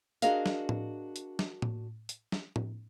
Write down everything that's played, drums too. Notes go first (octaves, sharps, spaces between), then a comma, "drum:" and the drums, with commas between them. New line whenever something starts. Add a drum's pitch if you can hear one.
D4 F#4 G#4 A#4 D#5 F5, drum: hi-hat
drum: snare
drum: tom A2
drum: hi-hat
drum: snare
drum: tom A2
drum: hi-hat
drum: snare
drum: tom A2